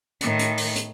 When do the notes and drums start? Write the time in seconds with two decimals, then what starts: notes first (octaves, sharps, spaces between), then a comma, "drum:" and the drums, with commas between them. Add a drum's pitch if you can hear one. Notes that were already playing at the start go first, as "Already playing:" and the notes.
0.21 A2 D#3, drum: hi-hat
0.39 drum: hi-hat
0.57 drum: open hi-hat
0.76 drum: hi-hat